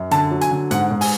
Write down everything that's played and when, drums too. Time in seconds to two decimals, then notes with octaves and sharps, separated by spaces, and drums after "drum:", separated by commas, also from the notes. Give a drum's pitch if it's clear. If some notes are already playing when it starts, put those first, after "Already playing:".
Already playing: F#2
0.11 D3 A5, drum: hi-hat
0.31 F#3
0.41 G#5, drum: hi-hat
0.51 D3
0.71 G#2 F#5, drum: hi-hat
0.91 G#2
1.01 G#5, drum: open hi-hat